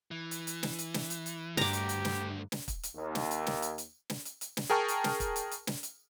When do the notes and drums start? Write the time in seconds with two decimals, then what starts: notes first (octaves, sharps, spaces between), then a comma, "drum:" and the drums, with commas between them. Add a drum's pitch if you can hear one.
0.11 E3
0.31 drum: hi-hat
0.47 drum: hi-hat
0.63 drum: snare
0.79 drum: hi-hat
0.94 drum: snare
1.10 drum: hi-hat
1.26 drum: hi-hat
1.57 D2 G2 D3 G4 A#5 D6, drum: snare
1.73 drum: hi-hat
1.89 drum: hi-hat
2.05 drum: snare
2.52 drum: snare
2.68 drum: kick, hi-hat
2.83 drum: hi-hat
2.96 D#2
3.15 drum: snare
3.31 drum: hi-hat
3.47 drum: snare
3.62 drum: hi-hat
3.78 drum: hi-hat
4.10 drum: snare
4.25 drum: hi-hat
4.41 drum: hi-hat
4.57 drum: snare
4.70 G#4 A#4 G5 A5 C#6 F6
4.88 drum: hi-hat
5.04 drum: snare
5.20 drum: kick, hi-hat
5.36 drum: hi-hat
5.51 drum: hi-hat
5.67 drum: snare
5.83 drum: hi-hat